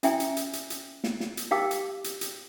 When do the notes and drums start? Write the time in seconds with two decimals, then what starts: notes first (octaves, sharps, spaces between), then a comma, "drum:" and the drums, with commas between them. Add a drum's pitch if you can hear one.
0.03 C#4 E4 E5 G5 G#5, drum: hi-hat
0.20 drum: hi-hat
0.37 drum: hi-hat
0.53 drum: hi-hat
0.70 drum: hi-hat
1.04 drum: snare
1.20 drum: snare
1.37 drum: hi-hat
1.51 D#4 G4 F5 G5 D6 E6
1.71 drum: hi-hat
2.04 drum: hi-hat
2.21 drum: hi-hat